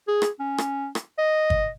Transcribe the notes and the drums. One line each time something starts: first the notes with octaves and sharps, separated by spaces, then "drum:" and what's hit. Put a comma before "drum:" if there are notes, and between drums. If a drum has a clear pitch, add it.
G#4
drum: rim click
C#4
drum: rim click
drum: rim click
D#5
drum: kick G1